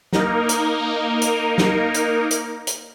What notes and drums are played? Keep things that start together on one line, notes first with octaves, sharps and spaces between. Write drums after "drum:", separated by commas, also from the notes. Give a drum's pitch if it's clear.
A#3 D#4 A#4, drum: snare
drum: hi-hat
drum: hi-hat
drum: snare
drum: hi-hat
drum: hi-hat
drum: hi-hat